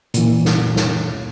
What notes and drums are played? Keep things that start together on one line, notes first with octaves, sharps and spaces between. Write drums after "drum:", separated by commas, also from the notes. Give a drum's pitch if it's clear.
A#2 E3, drum: hi-hat
drum: snare
drum: snare